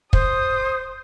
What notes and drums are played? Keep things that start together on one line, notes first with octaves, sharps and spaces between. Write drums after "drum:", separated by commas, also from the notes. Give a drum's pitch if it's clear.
C5 D#6, drum: kick